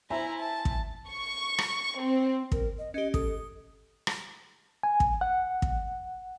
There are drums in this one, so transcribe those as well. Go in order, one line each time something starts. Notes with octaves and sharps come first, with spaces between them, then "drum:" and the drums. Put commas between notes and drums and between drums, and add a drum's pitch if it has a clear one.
E4 C5 E5 G#5 A#5
A5
drum: kick
C#6
drum: rim click
C4
A#4, drum: kick
D#5
C#4 G4 D#5
A4 D#6, drum: kick
drum: rim click
G#5
drum: kick
F#5
drum: kick